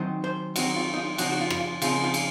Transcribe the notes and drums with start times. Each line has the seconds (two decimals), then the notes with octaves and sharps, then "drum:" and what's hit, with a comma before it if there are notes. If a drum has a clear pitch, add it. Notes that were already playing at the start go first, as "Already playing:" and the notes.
Already playing: D#3 F#3 C4 D#4
0.24 C5
0.56 D#3 F#3 C4 D#4 F#4, drum: cymbal
0.76 F4
0.93 D#4
0.97 F4
1.18 C#3 F3 C4 D#4 F#4, drum: cymbal
1.30 F#4
1.41 F4
1.50 drum: rim click
1.61 F4
1.82 C#3 F3 C4 D#4 F4, drum: cymbal
2.04 F4
2.14 drum: cymbal